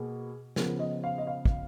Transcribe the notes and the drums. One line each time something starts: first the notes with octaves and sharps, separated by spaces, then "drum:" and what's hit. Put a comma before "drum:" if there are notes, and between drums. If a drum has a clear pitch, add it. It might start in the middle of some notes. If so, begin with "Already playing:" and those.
Already playing: B2 A#3 G#4
C#3 F3 B3 A#4, drum: snare
D#5
F5
D#5
F5
drum: kick